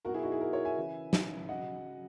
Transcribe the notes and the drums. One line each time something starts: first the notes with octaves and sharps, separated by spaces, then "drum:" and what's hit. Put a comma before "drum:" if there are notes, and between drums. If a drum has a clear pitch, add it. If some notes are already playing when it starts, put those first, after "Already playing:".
B2 F#3 F#4 A#4
E4 G#4
D#4 F#4
E4 G#4
F#4 A#4
A#4 C#5
E5 G#5
C#3 E3
drum: snare
C#3 F#3 D#5 F#5